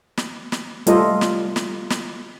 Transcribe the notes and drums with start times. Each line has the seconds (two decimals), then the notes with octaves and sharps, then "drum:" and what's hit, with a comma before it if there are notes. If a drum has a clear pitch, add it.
0.17 drum: snare
0.52 drum: snare
0.87 G3 A3 F4 A4 D#5, drum: hi-hat
1.21 drum: snare
1.56 drum: snare
1.90 drum: snare